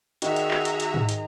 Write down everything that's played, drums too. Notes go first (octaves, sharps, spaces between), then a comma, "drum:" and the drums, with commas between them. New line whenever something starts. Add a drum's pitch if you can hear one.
D#3 F#4 G#4 E5 A#5, drum: hi-hat
drum: hi-hat
drum: clap
drum: hi-hat
drum: hi-hat
drum: tom G#2
drum: hi-hat